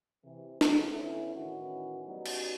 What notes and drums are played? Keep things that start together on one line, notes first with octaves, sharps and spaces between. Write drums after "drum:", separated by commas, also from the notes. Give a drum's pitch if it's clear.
C3 E3
C#3 F3 A3 D#4 F#4 A4, drum: snare
D3 B3 C#4 E4
A2 D#3 E3 C#4 E4 F#4
F#3 G3 B3 C#4 D#4 F#4
drum: cymbal